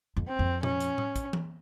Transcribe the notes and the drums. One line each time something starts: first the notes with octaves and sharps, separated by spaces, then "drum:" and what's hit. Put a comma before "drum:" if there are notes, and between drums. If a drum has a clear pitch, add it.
F2
C4
F2
C#4, drum: tom
drum: hi-hat
drum: tom A2
drum: kick, hi-hat
drum: tom E3